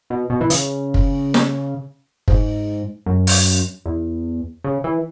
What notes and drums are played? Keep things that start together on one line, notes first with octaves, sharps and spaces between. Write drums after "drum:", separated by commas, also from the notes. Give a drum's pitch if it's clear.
B2
B2
E3
C#3, drum: hi-hat
drum: kick
drum: snare
G#2, drum: kick
F#2
drum: open hi-hat
E2
C#3
E3